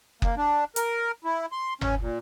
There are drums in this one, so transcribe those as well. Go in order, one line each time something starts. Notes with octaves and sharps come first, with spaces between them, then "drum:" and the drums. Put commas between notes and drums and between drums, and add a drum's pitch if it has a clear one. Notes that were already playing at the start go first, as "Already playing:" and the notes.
A#3, drum: kick F#1
D4
A#4, drum: hi-hat
E4
C6
C#4, drum: tom G1
A#2